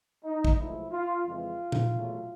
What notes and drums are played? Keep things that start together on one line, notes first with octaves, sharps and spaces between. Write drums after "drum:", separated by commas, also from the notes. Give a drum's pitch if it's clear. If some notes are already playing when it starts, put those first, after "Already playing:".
D#4
drum: kick
B1 A2 F3 G#3 E4
F4
F2 C#3 E3 G#3 F4
drum: tom A#2
E2 B2 F#3 A3